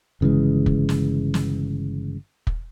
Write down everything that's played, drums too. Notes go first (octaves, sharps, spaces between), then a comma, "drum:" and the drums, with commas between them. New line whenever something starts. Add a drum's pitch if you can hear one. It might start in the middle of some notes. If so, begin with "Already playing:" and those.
G1 C#3 E3 G#3
drum: kick
drum: snare
drum: snare
drum: kick